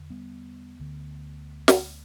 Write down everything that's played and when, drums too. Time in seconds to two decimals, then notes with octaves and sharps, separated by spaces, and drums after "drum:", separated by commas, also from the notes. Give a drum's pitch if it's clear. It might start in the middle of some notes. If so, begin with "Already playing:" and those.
Already playing: E2 D3
0.10 G3 B3
0.80 D2 D3
1.68 drum: snare